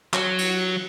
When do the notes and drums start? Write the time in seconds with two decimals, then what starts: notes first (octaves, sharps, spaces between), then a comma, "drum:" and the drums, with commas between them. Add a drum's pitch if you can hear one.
0.14 F#3, drum: clap
0.38 drum: cymbal